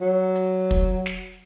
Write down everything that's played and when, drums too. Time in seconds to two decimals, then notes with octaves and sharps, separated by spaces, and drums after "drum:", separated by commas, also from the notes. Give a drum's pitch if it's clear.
0.01 F#3
0.36 drum: hi-hat
0.71 drum: kick, hi-hat
1.06 drum: snare